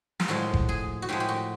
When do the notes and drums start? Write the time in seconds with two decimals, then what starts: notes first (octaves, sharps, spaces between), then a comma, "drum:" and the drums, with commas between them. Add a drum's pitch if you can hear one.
0.20 F4, drum: snare
0.28 A2 F3 G#3 F#4
0.53 drum: kick F#1
0.69 G#4
1.02 F#4
1.09 A2 F3 G#3 G4
1.20 G4
1.29 F#4